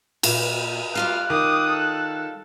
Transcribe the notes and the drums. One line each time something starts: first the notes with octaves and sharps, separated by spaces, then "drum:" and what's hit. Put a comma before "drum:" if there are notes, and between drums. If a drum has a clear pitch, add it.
A#2, drum: cymbal
G3 F4 F5 F6 F#6
D#3 D6 D#6
A4